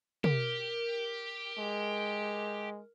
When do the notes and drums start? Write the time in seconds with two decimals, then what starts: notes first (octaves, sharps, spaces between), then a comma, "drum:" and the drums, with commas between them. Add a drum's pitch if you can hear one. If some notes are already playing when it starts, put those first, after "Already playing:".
0.24 G4 A#4, drum: tom
1.58 G#3